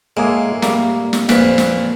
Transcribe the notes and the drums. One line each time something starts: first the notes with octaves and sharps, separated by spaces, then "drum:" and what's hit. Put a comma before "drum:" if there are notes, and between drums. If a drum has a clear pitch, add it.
A2 G#3 A#3 G#4
G3 A#3, drum: snare
drum: snare
F2 A#2 B4, drum: snare
drum: snare